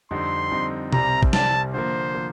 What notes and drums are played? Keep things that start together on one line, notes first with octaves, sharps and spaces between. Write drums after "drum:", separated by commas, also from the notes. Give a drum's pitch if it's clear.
F2 D3 G3 C4 D#4 C6
F2 D3 G3 C4 D#4
C2 C3 G3 C4 A#5, drum: tom B2
drum: kick
C2 C3 G3 C4 A5, drum: snare
D3 F3 A#3 C5
F3 A#3